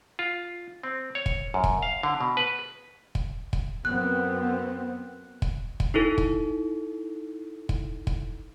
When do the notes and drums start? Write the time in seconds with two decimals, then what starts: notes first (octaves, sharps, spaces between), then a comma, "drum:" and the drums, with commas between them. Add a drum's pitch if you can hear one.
0.19 F4
0.83 C4
1.15 C#5
1.26 drum: kick
1.54 F#2
1.64 drum: kick
1.83 F5
2.03 D3
2.21 B2
2.37 B4
3.15 drum: kick
3.53 drum: kick
3.85 F#2 B3 C4 F#6
5.42 drum: kick
5.80 drum: kick
5.94 D#4 E4 A4
6.18 drum: kick
7.69 drum: kick
8.07 drum: kick